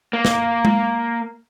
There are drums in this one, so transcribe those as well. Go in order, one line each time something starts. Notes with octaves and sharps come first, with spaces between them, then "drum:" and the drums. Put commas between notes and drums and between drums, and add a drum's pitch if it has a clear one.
A#3
drum: snare
drum: tom G#3